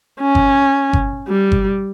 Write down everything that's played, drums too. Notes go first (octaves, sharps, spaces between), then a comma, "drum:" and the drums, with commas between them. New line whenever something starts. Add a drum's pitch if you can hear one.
C#4
drum: kick G1
drum: kick G1
G3
drum: kick G1